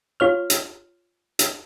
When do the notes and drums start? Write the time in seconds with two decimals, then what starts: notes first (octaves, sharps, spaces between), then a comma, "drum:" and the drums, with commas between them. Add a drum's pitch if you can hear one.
0.20 F4 C#5 F6
0.50 drum: hi-hat
1.39 drum: hi-hat